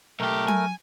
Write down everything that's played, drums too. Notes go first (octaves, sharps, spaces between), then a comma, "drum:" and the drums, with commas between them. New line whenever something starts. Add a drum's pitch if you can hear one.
B1 A3 G4 A#4
G#5, drum: tom F#3